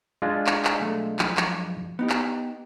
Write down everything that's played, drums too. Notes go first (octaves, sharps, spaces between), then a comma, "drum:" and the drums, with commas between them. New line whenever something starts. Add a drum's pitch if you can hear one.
G#3 D4 F4
drum: clap
drum: clap
B1 A3
F#2 F3, drum: clap
drum: clap
B3 D#4 G4
drum: clap